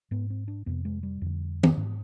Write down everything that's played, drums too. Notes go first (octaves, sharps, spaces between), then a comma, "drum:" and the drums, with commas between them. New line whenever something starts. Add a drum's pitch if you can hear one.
G#2 B3
C4
D4
F2 C3 B3
G#3
G3
F2 D3
drum: tom
G#2